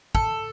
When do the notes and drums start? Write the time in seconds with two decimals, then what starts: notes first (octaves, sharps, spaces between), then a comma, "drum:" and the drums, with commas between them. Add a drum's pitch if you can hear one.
0.15 A4, drum: kick